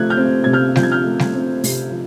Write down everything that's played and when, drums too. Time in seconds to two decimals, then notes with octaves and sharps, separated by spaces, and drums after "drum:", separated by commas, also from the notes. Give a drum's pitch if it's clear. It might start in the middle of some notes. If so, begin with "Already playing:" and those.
Already playing: C3 F3 A3 F#6 G#6
0.10 F6 G6
0.17 C4
0.44 C3 G#6
0.53 F6 G6
0.76 F3 G6, drum: snare G3
0.83 G#6
0.92 F6 G6
1.05 A3
1.19 drum: snare G3
1.35 C4
1.64 C3, drum: open hi-hat
1.92 F3